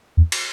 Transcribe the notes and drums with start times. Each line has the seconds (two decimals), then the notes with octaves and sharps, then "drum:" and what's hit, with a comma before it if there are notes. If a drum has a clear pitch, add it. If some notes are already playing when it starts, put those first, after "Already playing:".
0.17 E2
0.32 drum: cymbal